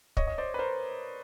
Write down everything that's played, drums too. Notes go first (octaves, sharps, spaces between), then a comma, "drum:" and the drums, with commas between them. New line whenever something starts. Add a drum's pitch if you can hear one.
C#5 D#5, drum: kick
D#5
C5 D5
B4
A#4 C5